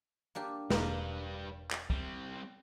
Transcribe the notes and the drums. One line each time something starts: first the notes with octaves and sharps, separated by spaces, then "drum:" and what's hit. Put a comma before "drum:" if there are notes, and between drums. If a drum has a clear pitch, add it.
A#3 D4 G4
E1 G3 A#3 B4 A#5, drum: snare
drum: clap
G3 C4, drum: kick